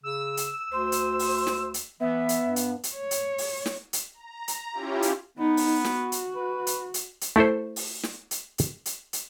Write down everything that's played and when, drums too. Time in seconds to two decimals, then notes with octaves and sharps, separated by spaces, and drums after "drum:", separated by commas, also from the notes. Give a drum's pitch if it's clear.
0.03 C#3 E6
0.37 drum: hi-hat
0.71 D2 C5
0.92 drum: hi-hat
1.19 drum: open hi-hat
1.47 drum: snare
1.74 drum: hi-hat
2.00 E3 B3 E5
2.29 drum: hi-hat
2.46 G2
2.56 drum: hi-hat
2.83 drum: hi-hat
2.95 C#5
3.11 drum: hi-hat
3.38 drum: open hi-hat
3.66 drum: snare
3.93 drum: hi-hat
4.14 A#5
4.48 drum: hi-hat
4.72 C#4 E4 F4 G4
5.02 drum: hi-hat
5.38 B3 D#4
5.57 drum: open hi-hat
5.85 F#4, drum: snare
6.12 drum: hi-hat
6.35 B4
6.67 drum: hi-hat
6.94 drum: hi-hat
7.21 drum: hi-hat
7.36 A3 E4 A4 C5
7.76 drum: open hi-hat
8.03 drum: snare
8.31 drum: hi-hat
8.58 drum: hi-hat
8.86 drum: hi-hat
9.13 drum: hi-hat